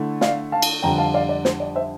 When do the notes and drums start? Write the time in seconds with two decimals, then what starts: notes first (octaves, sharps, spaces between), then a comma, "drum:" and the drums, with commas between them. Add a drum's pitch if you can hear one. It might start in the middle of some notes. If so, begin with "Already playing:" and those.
Already playing: D3 A3 E4
0.21 D5 F5, drum: snare
0.52 F5 A5
0.62 drum: cymbal
0.83 F2 D3 G3 G5 A#5
0.98 F5 A5
1.14 D5 F5
1.29 D5
1.45 C5, drum: snare
1.60 D5
1.76 C5 E5